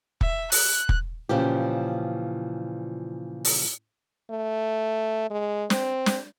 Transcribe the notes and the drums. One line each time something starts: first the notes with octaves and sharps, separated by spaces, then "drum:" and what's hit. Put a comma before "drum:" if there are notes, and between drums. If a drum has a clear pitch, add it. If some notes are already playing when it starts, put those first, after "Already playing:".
E5, drum: kick
F#6, drum: open hi-hat
drum: kick
A#2 C#3 E3 F3 G4
drum: open hi-hat
A3
G#3
C4, drum: snare
drum: snare